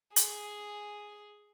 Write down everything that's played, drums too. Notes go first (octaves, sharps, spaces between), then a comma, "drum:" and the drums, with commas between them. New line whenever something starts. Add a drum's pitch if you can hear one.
G#4, drum: hi-hat